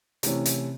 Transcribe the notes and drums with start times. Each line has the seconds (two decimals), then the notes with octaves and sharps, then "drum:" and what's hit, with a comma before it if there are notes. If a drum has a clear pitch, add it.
0.23 C3 E3 A3 C#4, drum: hi-hat
0.46 drum: hi-hat